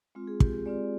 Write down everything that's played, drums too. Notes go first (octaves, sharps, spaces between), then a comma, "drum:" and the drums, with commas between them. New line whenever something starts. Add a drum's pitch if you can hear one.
G#3 C4 F4
G#4
G4, drum: kick
G#4
G#3 C4 F4 D5